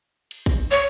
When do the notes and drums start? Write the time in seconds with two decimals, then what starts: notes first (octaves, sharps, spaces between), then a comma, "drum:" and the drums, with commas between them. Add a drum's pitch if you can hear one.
0.31 drum: cymbal
0.46 drum: kick, cymbal
0.71 C#5